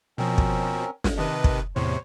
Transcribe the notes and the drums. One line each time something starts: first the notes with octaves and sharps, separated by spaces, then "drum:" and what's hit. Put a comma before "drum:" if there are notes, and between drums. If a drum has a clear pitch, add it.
B2 F3 C4 C#4 A#4
drum: kick
drum: snare
C3 D#3 B4 D#5 A5
drum: kick
E2 A2 C3 C5 C#5